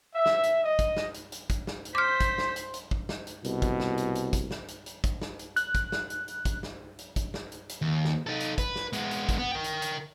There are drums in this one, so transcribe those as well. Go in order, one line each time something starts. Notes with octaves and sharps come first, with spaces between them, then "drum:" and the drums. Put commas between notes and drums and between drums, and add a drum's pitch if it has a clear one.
E5
drum: snare
drum: hi-hat
D#5
drum: kick, hi-hat
drum: snare
drum: hi-hat
drum: hi-hat
drum: kick, hi-hat
drum: snare
drum: hi-hat
C5 D6 F6 G6 B6
drum: kick, hi-hat
drum: snare
drum: hi-hat
drum: hi-hat
drum: kick
drum: snare
drum: hi-hat
C2 B2, drum: hi-hat
drum: kick, hi-hat
drum: snare
drum: hi-hat
drum: hi-hat
drum: kick, hi-hat
drum: snare
drum: hi-hat
drum: hi-hat
drum: kick, hi-hat
drum: snare
drum: hi-hat
F#6, drum: hi-hat
drum: kick, hi-hat
drum: snare
drum: hi-hat
drum: hi-hat
drum: kick, hi-hat
drum: snare
drum: hi-hat
drum: kick, hi-hat
drum: snare
drum: hi-hat
drum: hi-hat
D#2
drum: snare
D#4 A4
drum: hi-hat
B4, drum: kick, hi-hat
drum: snare
G#3 B3, drum: hi-hat
drum: hi-hat
drum: kick, hi-hat
B3
A#4 G5
drum: hi-hat
drum: hi-hat